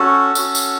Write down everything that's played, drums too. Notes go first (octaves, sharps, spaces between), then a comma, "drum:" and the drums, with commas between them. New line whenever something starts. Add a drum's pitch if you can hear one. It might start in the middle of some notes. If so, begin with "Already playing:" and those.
Already playing: C#4 F#4 A4
C#4 F#4, drum: tambourine
drum: tambourine